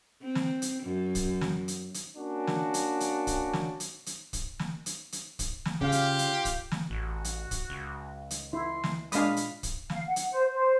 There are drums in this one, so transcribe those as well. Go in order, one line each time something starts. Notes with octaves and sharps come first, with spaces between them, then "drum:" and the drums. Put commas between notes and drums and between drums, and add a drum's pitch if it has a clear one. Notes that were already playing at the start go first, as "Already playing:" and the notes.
C4
drum: snare
drum: hi-hat
F#2
drum: kick, hi-hat
drum: snare
drum: hi-hat
drum: hi-hat
A#3 C#4 D4 F#4
drum: snare
drum: hi-hat
drum: hi-hat
drum: kick, hi-hat
drum: snare
drum: hi-hat
drum: hi-hat
drum: kick, hi-hat
drum: snare
drum: hi-hat
drum: hi-hat
drum: kick, hi-hat
drum: snare
C#3 F4 G4 F5
drum: hi-hat
drum: hi-hat
drum: kick, hi-hat
drum: snare
A1 F#4
drum: hi-hat
drum: kick, hi-hat
C#2
drum: hi-hat
E4 C6
drum: snare
A#2 G#3 D4 F5 B5 D#6, drum: hi-hat
drum: hi-hat
drum: kick, hi-hat
F5, drum: snare
F#5
drum: hi-hat
C5
C5